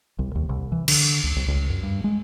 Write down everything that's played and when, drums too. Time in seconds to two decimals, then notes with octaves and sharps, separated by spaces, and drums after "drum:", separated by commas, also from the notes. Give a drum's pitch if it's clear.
0.19 C2
0.35 D#2
0.49 C2
0.72 E3
0.88 D3, drum: cymbal
1.24 C#2
1.36 C2
1.48 C#2
1.70 F#2
1.83 G2
2.04 G#3